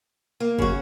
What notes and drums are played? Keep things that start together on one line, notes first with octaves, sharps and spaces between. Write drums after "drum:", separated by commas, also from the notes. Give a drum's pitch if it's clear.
A#3
C#3 F#4, drum: kick